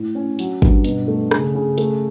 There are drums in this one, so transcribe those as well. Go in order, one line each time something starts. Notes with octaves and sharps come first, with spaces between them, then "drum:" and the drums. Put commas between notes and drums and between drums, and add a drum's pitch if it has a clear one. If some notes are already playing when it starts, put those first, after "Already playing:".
Already playing: A2
C#4
F#3, drum: hi-hat
G2, drum: kick
B2, drum: hi-hat
A3
C#3, drum: rim click
C#3
A3, drum: hi-hat